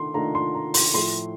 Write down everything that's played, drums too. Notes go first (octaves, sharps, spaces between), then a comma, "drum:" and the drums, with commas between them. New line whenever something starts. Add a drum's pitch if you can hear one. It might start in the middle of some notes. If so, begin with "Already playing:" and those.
Already playing: D#3 A3 D4 C6
D#3 A3 D4 F4 A#5
C6
A#5
C6, drum: open hi-hat
A2 F3 A3 C6